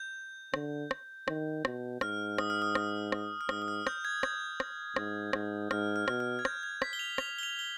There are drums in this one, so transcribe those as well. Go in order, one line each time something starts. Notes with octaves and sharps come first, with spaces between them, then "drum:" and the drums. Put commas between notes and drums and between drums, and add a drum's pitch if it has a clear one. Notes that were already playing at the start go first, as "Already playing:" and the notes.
Already playing: G6
D3, drum: rim click
drum: rim click
D#3, drum: rim click
B2, drum: rim click
G#2 F6, drum: rim click
D#6, drum: rim click
F6
D#6
D#6, drum: rim click
drum: rim click
F6
G#2 D#6, drum: rim click
D#6
F6
G6, drum: rim click
G#6
G6, drum: rim click
drum: rim click
G#2, drum: rim click
G#2, drum: rim click
G#2 F6, drum: rim click
F6
B2, drum: rim click
F6
G#6
G6, drum: rim click
G#6
B6, drum: rim click
G7
F7
F7, drum: rim click
G7
F7
G7